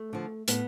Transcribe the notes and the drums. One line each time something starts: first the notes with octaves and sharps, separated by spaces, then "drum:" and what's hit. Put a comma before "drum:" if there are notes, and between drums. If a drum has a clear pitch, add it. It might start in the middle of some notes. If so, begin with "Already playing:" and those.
Already playing: A3
D3 F3
A2 B3, drum: hi-hat